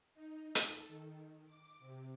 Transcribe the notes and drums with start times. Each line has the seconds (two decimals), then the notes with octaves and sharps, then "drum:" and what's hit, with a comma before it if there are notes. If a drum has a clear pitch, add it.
0.14 D#4
0.55 A4, drum: hi-hat
0.88 D#3
1.46 D6
1.79 C3